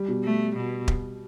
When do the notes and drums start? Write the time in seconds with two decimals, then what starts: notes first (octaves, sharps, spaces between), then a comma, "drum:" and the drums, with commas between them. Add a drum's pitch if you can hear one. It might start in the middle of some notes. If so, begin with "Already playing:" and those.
Already playing: G3
0.08 B2
0.24 A3
0.56 B2
0.88 drum: kick